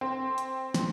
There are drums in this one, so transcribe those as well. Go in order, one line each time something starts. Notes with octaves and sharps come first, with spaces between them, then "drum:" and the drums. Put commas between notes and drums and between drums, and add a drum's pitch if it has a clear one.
C4
drum: hi-hat
drum: snare